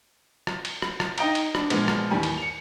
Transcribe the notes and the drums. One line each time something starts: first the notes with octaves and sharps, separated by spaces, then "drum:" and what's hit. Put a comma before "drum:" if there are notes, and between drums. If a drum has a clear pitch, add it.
drum: rim click
drum: cymbal
drum: rim click
drum: rim click
D#4 D#5 G5 A#5, drum: cymbal
drum: cymbal
D4, drum: rim click
A#2 F3 G#3 B3, drum: cymbal
drum: rim click
A1 D#2 E3 G3 G#5
drum: cymbal
C#7 F7